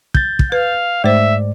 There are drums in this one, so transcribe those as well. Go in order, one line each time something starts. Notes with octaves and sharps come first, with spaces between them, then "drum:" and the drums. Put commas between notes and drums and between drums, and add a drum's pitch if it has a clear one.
G6 A6, drum: kick
drum: kick
B4 F5
G#2 A3 C5 D5 E5